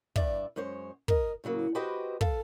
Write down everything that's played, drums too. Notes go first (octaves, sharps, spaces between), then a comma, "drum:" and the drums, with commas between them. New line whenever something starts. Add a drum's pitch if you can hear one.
G2 D5 E5, drum: kick
F#2 G#3 C5 C#5
A#4 D#5, drum: kick
A2 C#3 F#3 A#3
F#4 G4 B4 C5 D#5 G5
A4 F5, drum: kick